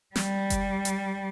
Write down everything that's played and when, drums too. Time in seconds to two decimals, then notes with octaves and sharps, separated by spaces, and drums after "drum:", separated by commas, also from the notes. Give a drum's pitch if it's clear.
0.16 G3, drum: snare
0.50 drum: kick F#1, hi-hat
0.85 drum: hi-hat